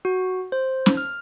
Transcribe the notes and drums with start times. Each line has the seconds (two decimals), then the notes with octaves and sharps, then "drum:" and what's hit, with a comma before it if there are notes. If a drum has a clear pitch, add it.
0.05 F#4
0.52 C5
0.86 drum: snare
0.97 F6